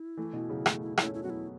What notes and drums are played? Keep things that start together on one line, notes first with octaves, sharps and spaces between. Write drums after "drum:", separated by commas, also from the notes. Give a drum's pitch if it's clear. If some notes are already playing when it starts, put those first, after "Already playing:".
Already playing: E4
E3 A3
B2 E3
C#3 F#3
E3 A3, drum: rim click
E4
E4, drum: rim click
A3 C#4
E4
F#3 B3 F#4
E4